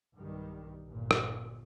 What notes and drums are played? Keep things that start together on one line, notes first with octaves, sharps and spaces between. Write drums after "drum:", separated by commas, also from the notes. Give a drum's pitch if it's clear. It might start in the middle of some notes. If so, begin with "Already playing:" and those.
B1 G2 D#3 G3
G1 A#2
drum: rim click